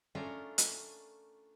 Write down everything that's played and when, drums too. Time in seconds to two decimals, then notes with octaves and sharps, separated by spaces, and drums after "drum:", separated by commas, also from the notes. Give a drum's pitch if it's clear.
0.15 A3 C#4 D4 F4 A#4
0.58 drum: hi-hat